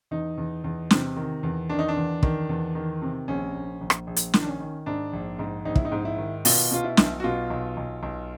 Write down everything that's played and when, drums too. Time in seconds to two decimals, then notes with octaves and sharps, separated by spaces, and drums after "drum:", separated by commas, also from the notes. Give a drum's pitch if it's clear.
0.11 E2 D#4
0.38 E2
0.64 E2
0.90 C3, drum: snare
1.16 D#3
1.43 E2
1.69 D#3 D4
1.79 D#4
1.88 D4
1.96 E2
2.23 D#3, drum: kick
2.49 E2
2.75 D#3
3.02 C3
3.28 A#1 C#4
3.55 A#1
3.81 A#1
3.90 drum: rim click
4.07 A#1
4.16 drum: hi-hat
4.34 D#3, drum: snare
4.42 D4
4.47 C#4
4.60 D#3
4.86 G#2 D4
5.13 A#1
5.39 G#2
5.65 A#1 D#4
5.75 E4, drum: kick
5.85 D#4
5.92 G#2
6.05 E4
6.18 D#3
6.45 B2 F4, drum: open hi-hat
6.71 B2 F4
6.84 E4
6.97 B1, drum: snare
7.20 F#4
7.24 B2 F4
7.50 B1
7.77 B1
8.03 B1